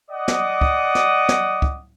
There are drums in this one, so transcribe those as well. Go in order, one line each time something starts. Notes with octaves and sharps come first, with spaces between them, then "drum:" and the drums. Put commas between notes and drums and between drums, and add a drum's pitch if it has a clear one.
D5 D#5 F#5 D6 D#6
drum: snare
drum: kick
drum: snare
drum: snare
drum: kick